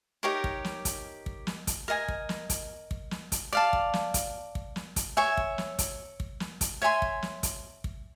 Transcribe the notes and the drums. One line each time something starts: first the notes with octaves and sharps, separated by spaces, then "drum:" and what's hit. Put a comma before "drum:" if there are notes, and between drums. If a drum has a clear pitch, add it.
D#4 G4 A#4 C#5
drum: kick
drum: snare
drum: kick, hi-hat
drum: kick
drum: snare
drum: kick, hi-hat
A#4 D#5 G#5
drum: kick
drum: snare
drum: kick, hi-hat
drum: kick
drum: snare
drum: kick, hi-hat
D5 F5 A5
drum: kick
drum: snare
drum: kick, hi-hat
drum: kick
drum: snare
drum: kick, hi-hat
C#5 E5 G#5
drum: kick
drum: snare
drum: kick, hi-hat
drum: kick
drum: snare
drum: kick, hi-hat
C#5 E5 G#5 C6
drum: kick
drum: snare
drum: kick, hi-hat
drum: kick